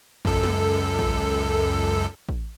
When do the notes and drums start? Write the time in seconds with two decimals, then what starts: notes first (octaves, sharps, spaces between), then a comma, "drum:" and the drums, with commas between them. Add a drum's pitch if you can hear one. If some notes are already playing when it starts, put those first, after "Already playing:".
0.25 C#2 F#2 A4, drum: kick A1
0.43 drum: snare
0.99 drum: kick A1
2.29 drum: kick A1